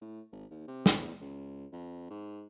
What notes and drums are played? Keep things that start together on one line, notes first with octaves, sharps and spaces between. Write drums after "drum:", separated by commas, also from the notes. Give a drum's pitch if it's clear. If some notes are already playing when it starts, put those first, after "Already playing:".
A2
G#1
D#2
C3
drum: snare
E2
C#2
F2
G#2